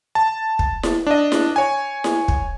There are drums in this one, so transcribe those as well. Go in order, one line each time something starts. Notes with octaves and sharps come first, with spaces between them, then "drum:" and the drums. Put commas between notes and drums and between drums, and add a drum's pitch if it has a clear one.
A5
drum: kick
drum: snare E4
D4 D#5
drum: snare E4
C#5 G#5
drum: snare E4
drum: kick